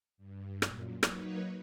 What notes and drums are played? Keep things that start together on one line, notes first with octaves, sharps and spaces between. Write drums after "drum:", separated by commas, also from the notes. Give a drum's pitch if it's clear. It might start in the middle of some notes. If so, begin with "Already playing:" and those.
G2
F#2 A#2, drum: rim click
F#3 A#3 D#4 B4 C#5, drum: rim click